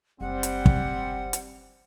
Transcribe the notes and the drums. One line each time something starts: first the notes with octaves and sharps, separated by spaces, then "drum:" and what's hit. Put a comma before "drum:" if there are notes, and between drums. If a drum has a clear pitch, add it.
F#1 G3 C4 F#5
drum: hi-hat
drum: kick
drum: hi-hat